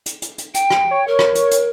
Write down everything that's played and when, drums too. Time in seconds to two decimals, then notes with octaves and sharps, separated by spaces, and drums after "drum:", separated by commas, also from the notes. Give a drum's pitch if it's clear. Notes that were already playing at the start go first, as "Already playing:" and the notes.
0.06 drum: hi-hat
0.22 drum: hi-hat
0.38 drum: hi-hat
0.54 G5, drum: hi-hat
0.70 drum: rim click
0.91 C#5
1.08 A#4
1.19 drum: rim click
1.35 drum: hi-hat
1.51 drum: hi-hat